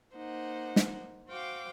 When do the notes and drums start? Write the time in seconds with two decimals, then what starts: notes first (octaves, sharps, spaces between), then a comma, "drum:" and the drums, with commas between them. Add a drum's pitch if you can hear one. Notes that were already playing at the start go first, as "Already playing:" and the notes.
0.14 A#3 D#4 C5 F#5
0.76 drum: snare
1.28 F#4 C5 F5 G5 D6